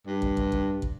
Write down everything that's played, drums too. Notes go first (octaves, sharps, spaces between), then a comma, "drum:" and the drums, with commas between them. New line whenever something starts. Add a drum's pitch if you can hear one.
G2
drum: kick
drum: kick
drum: kick
drum: kick